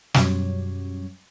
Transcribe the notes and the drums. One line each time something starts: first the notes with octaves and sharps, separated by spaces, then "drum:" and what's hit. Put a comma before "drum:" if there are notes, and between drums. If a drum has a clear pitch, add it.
F#2 B2 F#3 G3 C#4, drum: snare